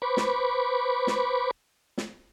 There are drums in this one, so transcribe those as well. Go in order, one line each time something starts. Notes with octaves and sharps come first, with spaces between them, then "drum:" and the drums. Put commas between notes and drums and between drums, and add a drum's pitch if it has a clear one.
B4 C5 B5 C#6 D6
drum: snare
drum: snare
drum: snare